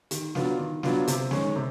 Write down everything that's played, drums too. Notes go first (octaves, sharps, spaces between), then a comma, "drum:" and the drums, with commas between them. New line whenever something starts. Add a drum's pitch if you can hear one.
D#3, drum: hi-hat
F#3 B3 D4 F4, drum: snare
D#3
F#3 B3 D4 F4, drum: snare
C3, drum: hi-hat
D#3 G#3 C#4, drum: snare
C3